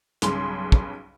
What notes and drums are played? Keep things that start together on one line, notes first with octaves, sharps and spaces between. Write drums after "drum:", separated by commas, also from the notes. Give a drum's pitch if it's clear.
B1 G2 C#3 G#4 C6, drum: hi-hat
drum: kick